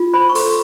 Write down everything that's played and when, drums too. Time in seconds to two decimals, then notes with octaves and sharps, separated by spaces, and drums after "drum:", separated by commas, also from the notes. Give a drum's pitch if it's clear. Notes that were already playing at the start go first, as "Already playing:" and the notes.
Already playing: F4
0.13 C5 B5
0.29 C#6
0.35 A4 C6, drum: open hi-hat